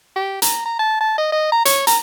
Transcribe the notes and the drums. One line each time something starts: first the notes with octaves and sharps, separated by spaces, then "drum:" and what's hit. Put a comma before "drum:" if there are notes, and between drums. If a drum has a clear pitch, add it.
G4
A#5, drum: hi-hat
A#5
A5
A5
D#5
D#5
A#5
C#5, drum: hi-hat
A#5, drum: hi-hat